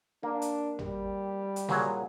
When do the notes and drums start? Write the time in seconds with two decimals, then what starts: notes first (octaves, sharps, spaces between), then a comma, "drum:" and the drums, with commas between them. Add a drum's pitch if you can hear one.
0.23 A#3 D4
0.42 drum: hi-hat
0.79 G3, drum: tom G#1
1.56 drum: hi-hat
1.68 A#2 F#3 G#4, drum: snare